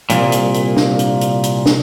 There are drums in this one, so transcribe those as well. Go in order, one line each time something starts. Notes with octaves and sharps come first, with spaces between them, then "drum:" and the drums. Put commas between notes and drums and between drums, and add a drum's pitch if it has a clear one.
C2 G2 A#2, drum: hi-hat
drum: hi-hat
drum: hi-hat
drum: snare
drum: hi-hat
drum: hi-hat
drum: hi-hat
drum: snare